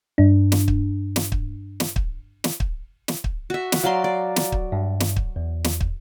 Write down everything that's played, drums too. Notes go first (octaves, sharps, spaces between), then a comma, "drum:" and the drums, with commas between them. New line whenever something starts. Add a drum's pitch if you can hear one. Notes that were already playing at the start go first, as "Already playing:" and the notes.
G2 D4
drum: snare
drum: kick
drum: snare
drum: kick
drum: snare
drum: kick
drum: snare
drum: kick
drum: snare
drum: kick
F#4 E5
drum: snare
F#3 D5 F5 A#5 C6
D5
drum: snare
drum: kick
G2
drum: snare
drum: kick
E2
drum: snare
drum: kick